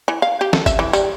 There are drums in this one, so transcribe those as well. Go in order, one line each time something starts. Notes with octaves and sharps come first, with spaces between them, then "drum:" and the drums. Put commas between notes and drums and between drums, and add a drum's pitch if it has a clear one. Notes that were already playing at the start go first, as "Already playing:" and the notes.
E3
F5
G4
A4, drum: snare
E5, drum: kick G1, tambourine
E3
G3, drum: tambourine